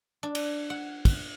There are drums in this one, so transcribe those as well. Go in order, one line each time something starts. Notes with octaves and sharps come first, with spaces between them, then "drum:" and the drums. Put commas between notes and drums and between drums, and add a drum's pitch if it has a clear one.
D4
drum: cymbal
F#5
drum: kick, cymbal